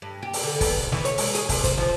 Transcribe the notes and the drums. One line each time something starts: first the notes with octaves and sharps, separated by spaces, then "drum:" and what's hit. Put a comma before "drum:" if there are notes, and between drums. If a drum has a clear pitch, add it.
G2
G4
drum: open hi-hat
D3
B3, drum: kick, open hi-hat
C3
E3, drum: snare
C#5, drum: hi-hat
G#3, drum: open hi-hat
G#4, drum: hi-hat
C3, drum: kick, open hi-hat
C5, drum: kick, hi-hat
F3, drum: snare